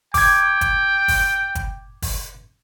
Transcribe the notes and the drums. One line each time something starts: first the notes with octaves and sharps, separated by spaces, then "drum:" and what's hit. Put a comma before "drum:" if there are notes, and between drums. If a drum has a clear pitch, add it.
G5 D6 G#6, drum: kick, open hi-hat
drum: kick, hi-hat
drum: kick, open hi-hat
drum: kick, hi-hat
drum: kick, open hi-hat